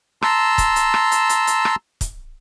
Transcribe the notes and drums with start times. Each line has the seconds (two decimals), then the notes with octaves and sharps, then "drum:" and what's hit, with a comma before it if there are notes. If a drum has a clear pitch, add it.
0.22 A5 A#5 C6 E6, drum: rim click
0.58 drum: kick, hi-hat
0.76 drum: hi-hat
0.94 drum: rim click
1.12 drum: hi-hat
1.29 drum: hi-hat
1.47 drum: hi-hat
1.65 drum: rim click
2.01 drum: kick, hi-hat